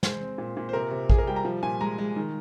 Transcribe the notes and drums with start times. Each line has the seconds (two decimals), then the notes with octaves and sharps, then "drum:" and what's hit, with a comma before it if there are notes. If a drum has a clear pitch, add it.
0.03 G#3 C5, drum: snare
0.21 C4
0.38 A#2
0.57 A#2
0.69 C5
0.73 C3 A#4
0.91 C3
1.10 C3 G#4, drum: kick A1
1.18 A#4
1.27 G3 G5
1.36 A#5
1.45 F3
1.63 A#2 G#5
1.81 G#3 A#5
1.98 G#3
2.16 D#3